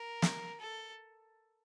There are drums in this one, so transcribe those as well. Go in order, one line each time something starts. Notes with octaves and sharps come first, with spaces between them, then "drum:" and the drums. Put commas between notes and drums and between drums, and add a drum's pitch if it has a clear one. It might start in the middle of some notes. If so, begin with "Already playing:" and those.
Already playing: A#4
drum: snare
A4